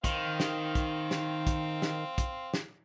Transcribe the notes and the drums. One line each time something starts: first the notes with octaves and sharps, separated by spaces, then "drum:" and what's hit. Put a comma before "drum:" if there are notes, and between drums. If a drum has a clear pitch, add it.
D#3 C4 F5, drum: kick, hi-hat
drum: snare
drum: kick, hi-hat
drum: snare
drum: kick, hi-hat
drum: snare
drum: kick, hi-hat
drum: snare